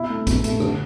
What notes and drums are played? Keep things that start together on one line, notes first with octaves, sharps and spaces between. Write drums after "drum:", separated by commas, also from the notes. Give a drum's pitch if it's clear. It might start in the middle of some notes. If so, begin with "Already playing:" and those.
Already playing: B2 E4
A3
B2, drum: kick, hi-hat
A3, drum: hi-hat
D3, drum: rim click